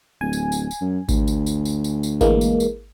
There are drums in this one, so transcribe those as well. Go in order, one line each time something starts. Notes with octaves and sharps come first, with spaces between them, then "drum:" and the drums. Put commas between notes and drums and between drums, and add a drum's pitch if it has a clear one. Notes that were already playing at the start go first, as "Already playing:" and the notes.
D1 G#5
drum: tambourine
drum: tambourine
drum: tambourine
F#2
D2, drum: kick G#1, tambourine
drum: tambourine
drum: tambourine
drum: tambourine
drum: tambourine
drum: tambourine
E3 G#3 A#3, drum: kick G#1, tambourine
drum: tambourine
drum: tambourine